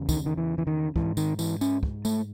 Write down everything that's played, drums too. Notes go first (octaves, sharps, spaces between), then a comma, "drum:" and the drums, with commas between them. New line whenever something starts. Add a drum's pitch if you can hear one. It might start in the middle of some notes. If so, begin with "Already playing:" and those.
Already playing: E2 C#3
D#3, drum: kick, tambourine
D#3
E3
E3
D#3
G#2 E3, drum: kick
D#3, drum: tambourine
E3, drum: tambourine
C#4, drum: tambourine
drum: kick
A3, drum: tambourine